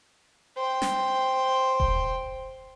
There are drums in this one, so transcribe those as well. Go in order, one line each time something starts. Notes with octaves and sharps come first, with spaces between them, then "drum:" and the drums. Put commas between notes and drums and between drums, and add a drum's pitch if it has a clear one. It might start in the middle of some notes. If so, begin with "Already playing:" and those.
C5 G5
drum: snare
drum: kick E1